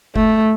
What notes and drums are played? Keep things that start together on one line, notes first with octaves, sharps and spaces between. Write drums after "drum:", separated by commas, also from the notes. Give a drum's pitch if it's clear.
A3, drum: kick F1